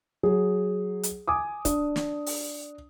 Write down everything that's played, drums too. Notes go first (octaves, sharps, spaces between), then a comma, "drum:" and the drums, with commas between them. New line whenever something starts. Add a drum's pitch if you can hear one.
F#3 G#4
drum: hi-hat
G#5 D6 D#6
D4, drum: kick, hi-hat
drum: snare
drum: open hi-hat